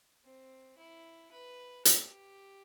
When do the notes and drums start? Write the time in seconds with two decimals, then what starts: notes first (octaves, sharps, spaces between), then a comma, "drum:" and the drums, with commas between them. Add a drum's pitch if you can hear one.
0.24 C4
0.78 E4
1.32 B4
1.85 G4, drum: hi-hat